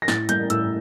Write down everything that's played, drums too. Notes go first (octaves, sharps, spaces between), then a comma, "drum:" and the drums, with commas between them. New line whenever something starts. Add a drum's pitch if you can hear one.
A#6
A2 A6, drum: snare
G3 A#3 G6, drum: hi-hat
A2 E6, drum: hi-hat